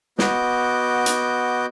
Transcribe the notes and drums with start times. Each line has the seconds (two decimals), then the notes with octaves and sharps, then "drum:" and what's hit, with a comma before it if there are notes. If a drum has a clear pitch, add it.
0.19 B3 F#4 D#5 D6 G6, drum: snare
1.06 drum: hi-hat